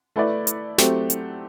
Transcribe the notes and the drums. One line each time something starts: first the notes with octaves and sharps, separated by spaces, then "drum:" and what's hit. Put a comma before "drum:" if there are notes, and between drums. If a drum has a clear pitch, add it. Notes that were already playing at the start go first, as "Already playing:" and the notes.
A3 E4 B4 D5
drum: hi-hat
F#3 A3 C4 G4, drum: snare
drum: hi-hat